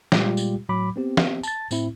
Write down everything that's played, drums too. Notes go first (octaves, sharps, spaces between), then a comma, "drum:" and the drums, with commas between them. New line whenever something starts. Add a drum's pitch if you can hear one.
A#2 G3 G#3 F4 G4, drum: snare
drum: tambourine
A2 F#3 B5 D6
B3 C4 G4
drum: snare
A5 A6, drum: tambourine
A2 C4 E4, drum: tambourine